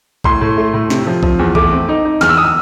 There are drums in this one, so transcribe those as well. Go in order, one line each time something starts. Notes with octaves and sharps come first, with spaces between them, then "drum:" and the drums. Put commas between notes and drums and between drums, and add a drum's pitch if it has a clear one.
A2 C6, drum: kick A#1
A2
A3
A2
C3, drum: snare
F3
F3, drum: kick A#1
E2
A3 D6, drum: kick A#1
C4
D#4
D#4
E2 F6, drum: snare
E6
D#6
E6